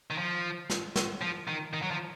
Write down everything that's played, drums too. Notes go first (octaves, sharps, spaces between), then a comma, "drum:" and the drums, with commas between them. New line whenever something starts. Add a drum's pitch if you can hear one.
D#3
F3
drum: snare
drum: snare
F3
D#3
D#3
F#3
F3